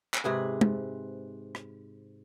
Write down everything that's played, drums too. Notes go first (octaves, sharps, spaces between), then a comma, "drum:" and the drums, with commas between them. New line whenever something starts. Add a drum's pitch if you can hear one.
drum: clap
G#2 C3 G#4 B4
drum: tom G#3
drum: rim click